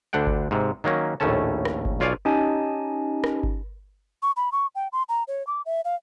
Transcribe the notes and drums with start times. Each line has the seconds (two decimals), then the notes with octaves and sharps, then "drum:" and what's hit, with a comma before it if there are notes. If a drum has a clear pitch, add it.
0.13 D2 D3 D4 F#5 G5
0.27 drum: kick G1
0.51 G#2 C3
0.84 D#3 F#3 A#3 C#4
1.20 A#1 D#2 A2 A3 C#4 A5
1.65 drum: rim click
1.85 drum: kick G1
2.00 B1 F4 C#5 D5 F5 G#5
2.25 C#4 D#4 G4 D#5 G#5 A5
3.24 drum: rim click
3.43 drum: kick G1
4.23 C#6
4.37 B5
4.52 C#6
4.75 G5
4.93 C6
5.09 A#5
5.28 C#5
5.47 D6
5.66 E5
5.85 F5